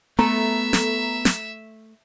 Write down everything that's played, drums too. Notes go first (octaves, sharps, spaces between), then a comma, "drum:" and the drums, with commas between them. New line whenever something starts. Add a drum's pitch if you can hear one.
A3 B3 A4 E5 A#5
drum: snare
drum: snare